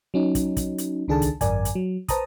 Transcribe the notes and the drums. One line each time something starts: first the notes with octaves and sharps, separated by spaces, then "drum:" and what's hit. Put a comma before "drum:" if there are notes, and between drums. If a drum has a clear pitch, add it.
F#3 C#4 D#4
drum: kick, hi-hat
drum: kick, hi-hat
drum: hi-hat
C#2 D#3 D4 G#4 A4 A5
drum: kick, hi-hat
G#1 F#2 A#4 D5 G#5, drum: kick, hi-hat
drum: hi-hat
F#3
B4 C5 A5 A#5 D#6, drum: kick, hi-hat